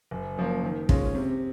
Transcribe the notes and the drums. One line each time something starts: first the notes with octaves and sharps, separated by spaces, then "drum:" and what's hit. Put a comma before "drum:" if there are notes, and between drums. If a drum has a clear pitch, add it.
F#1
F#2 F3 A#3
D#3
G#3 C#4 F4, drum: kick
C3